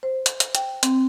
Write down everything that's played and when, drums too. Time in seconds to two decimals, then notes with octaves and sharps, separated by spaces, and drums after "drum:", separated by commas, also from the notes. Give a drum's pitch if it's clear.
0.03 C5
0.26 drum: hi-hat
0.40 drum: hi-hat
0.55 G5, drum: hi-hat
0.83 C4, drum: hi-hat